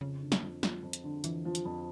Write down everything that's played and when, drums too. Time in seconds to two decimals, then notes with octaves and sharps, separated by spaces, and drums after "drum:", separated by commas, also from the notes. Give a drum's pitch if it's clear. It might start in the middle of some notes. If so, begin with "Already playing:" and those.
0.01 F2 C#3
0.21 D3
0.32 drum: snare
0.42 F2
0.63 F3, drum: snare
0.83 F2
0.93 drum: hi-hat
1.04 D3
1.24 F2 E3, drum: hi-hat
1.45 F3
1.55 drum: hi-hat
1.65 F2